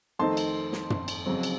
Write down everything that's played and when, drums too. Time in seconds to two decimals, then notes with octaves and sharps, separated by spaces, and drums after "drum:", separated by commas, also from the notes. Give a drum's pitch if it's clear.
0.19 F2 D#3 A3 C4 D#4 A5 C6
0.37 drum: cymbal
0.73 drum: snare
0.90 drum: tom
1.08 drum: cymbal
1.26 F2 C#3 F#3 C4
1.43 drum: cymbal